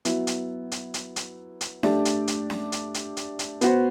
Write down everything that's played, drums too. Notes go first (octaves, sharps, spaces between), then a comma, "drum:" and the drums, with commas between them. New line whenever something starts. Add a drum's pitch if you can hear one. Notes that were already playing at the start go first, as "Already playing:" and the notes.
F#3 B3 E4, drum: hi-hat
drum: hi-hat
drum: hi-hat
drum: hi-hat
drum: hi-hat
drum: hi-hat
A3 D4 G4 D5, drum: snare C#4
drum: hi-hat
drum: hi-hat
drum: snare C#4
drum: hi-hat
drum: hi-hat
drum: hi-hat
drum: hi-hat
B3 F#4 C5, drum: hi-hat